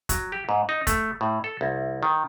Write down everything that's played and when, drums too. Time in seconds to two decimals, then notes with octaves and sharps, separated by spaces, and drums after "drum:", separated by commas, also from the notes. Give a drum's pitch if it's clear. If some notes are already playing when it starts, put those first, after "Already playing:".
0.09 F#3, drum: kick, hi-hat
0.32 G4
0.49 G#2
0.69 D#4
0.87 A3, drum: kick, hi-hat
1.21 A2
1.44 A4
1.61 C2
2.03 D#3